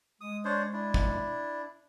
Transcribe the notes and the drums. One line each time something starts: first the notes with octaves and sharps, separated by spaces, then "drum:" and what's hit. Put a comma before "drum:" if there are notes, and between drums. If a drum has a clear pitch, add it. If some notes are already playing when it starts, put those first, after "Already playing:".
G#3 D#6
D4 C5 C#5
D4 E4
drum: kick